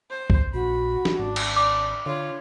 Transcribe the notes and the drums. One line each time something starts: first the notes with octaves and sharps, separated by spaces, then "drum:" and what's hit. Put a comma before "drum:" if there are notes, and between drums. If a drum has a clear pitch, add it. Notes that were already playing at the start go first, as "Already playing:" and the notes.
C5
drum: kick
A#1 F#4 B5
drum: snare
G#1 D4
drum: cymbal
D5 D6
D3 F4 C#5